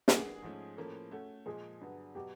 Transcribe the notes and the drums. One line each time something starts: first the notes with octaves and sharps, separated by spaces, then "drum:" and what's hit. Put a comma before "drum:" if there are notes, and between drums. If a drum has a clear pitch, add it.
E3 G3 A#3 D4 F#4 G#4, drum: snare
G#2 F3 A3 C#4
A2 F3 A#3 C#4 A4
A3 C#4 F#4 A4
A#2 F3 G#3 G#4
G2 D3 F#3 B3
B2 F#3 G4